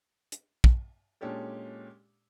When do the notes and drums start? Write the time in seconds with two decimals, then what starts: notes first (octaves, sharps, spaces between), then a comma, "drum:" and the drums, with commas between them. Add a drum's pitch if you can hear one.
0.32 drum: hi-hat
0.64 drum: kick
1.21 A#2 G#3 C#4 D4 G4 A4